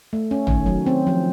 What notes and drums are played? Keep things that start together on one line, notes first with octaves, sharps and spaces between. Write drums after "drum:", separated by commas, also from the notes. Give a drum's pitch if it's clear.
A3
C#4
D#3, drum: tom
F#3
C4
F3